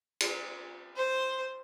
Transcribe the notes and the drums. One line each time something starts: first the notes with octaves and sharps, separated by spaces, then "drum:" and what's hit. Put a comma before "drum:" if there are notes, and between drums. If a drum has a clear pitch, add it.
drum: cymbal
C5